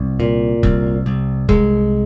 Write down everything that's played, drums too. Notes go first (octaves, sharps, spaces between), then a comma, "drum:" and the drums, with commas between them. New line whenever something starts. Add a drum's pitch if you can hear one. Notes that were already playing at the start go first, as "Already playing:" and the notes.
Already playing: C2
A#2
C2, drum: kick
C2
C2 G#3, drum: kick